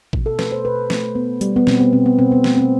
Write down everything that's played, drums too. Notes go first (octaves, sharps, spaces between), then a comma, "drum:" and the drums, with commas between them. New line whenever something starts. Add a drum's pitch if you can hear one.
B2, drum: kick A1
A4
A3 B4, drum: snare
C5
B2 B4
A3, drum: snare
B3
G3, drum: hi-hat
B3
B2 C4, drum: snare
B3
B2 C4
B3
B2 C4
B3
A3, drum: snare
C4